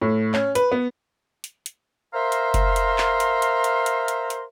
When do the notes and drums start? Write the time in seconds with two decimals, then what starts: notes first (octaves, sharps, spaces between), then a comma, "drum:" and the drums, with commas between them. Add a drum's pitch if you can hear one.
0.02 A2
0.34 C#4, drum: clap
0.55 B4, drum: hi-hat
0.72 B3
1.44 drum: hi-hat
1.66 drum: hi-hat
2.13 A#4 C5 E5 F5 A#5 C6
2.32 drum: hi-hat
2.54 drum: kick F#1, hi-hat
2.76 drum: hi-hat
2.98 drum: clap
3.20 drum: hi-hat
3.42 drum: hi-hat
3.64 drum: hi-hat
3.86 drum: hi-hat
4.08 drum: hi-hat
4.30 drum: hi-hat